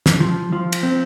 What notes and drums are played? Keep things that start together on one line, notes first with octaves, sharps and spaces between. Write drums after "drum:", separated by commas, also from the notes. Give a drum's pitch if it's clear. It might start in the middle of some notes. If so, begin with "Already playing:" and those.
drum: snare
F3
F3
drum: cymbal
C4